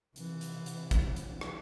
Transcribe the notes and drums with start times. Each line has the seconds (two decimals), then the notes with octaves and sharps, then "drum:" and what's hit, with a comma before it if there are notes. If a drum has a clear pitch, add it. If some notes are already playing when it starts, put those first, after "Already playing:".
0.16 C3 E3, drum: hi-hat
0.41 drum: hi-hat
0.66 drum: hi-hat
0.91 drum: kick, hi-hat
1.16 drum: hi-hat
1.41 drum: rim click